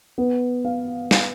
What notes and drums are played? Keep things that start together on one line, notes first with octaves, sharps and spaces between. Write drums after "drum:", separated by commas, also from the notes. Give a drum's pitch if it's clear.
B3
F5
F5, drum: snare